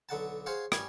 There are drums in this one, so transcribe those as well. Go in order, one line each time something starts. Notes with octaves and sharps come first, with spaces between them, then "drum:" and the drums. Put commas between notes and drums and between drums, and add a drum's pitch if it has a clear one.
B1 D3 F#5 A5
G#4 C5 C#5 F5 F#5
G3 C#4 G#5, drum: rim click